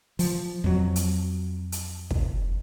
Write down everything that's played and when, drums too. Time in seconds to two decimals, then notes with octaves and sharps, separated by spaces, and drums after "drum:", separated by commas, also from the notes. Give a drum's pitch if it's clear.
0.19 F3, drum: open hi-hat
0.64 F2 F#3
0.96 drum: hi-hat
1.72 drum: hi-hat
2.11 drum: kick